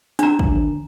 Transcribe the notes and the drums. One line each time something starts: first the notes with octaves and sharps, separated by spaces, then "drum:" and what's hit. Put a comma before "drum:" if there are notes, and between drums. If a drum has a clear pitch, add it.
D4 A#5, drum: hi-hat
drum: kick
drum: tom D3